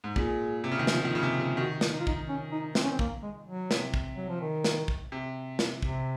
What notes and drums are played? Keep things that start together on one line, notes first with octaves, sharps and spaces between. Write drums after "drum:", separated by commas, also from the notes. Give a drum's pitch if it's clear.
G#2
A#2 G#4, drum: kick
C3
C#3
D#3
F3, drum: snare
F3
D#3
C#3
C3
C#3
D#3 F#4
drum: snare
D#4
F4
D#4, drum: kick
C#4
D#4
C4, drum: snare
C#4
C4
A#3, drum: kick
G#3
F#3
C3, drum: snare
drum: kick
F#3
F3
D#3
drum: snare
drum: kick
C3
drum: snare
C3, drum: kick